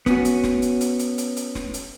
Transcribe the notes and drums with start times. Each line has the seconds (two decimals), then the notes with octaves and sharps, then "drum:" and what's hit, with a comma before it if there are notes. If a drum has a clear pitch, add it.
0.06 B3 C#4 F#4, drum: snare
0.25 drum: hi-hat
0.44 drum: snare
0.62 drum: hi-hat
0.81 drum: hi-hat
0.99 drum: hi-hat
1.18 drum: hi-hat
1.37 drum: hi-hat
1.55 drum: snare
1.74 drum: hi-hat